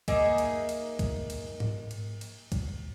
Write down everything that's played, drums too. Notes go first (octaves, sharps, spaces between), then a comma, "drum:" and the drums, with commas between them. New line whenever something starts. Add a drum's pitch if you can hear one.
A#3 D#4 G#4 E5, drum: kick, cymbal
drum: cymbal
drum: cymbal
drum: kick, cymbal
drum: cymbal
drum: tom G#2
drum: cymbal
drum: cymbal
drum: kick, cymbal